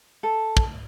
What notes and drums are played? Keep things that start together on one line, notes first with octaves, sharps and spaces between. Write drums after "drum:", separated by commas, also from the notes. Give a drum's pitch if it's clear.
A4
drum: kick